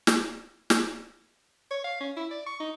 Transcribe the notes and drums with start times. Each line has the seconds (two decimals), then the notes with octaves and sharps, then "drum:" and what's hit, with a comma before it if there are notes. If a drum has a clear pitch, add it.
0.07 drum: snare
0.70 drum: snare
1.71 C#5
1.84 F5
2.00 C#4
2.17 E4
2.31 D5
2.47 C#6
2.60 D#4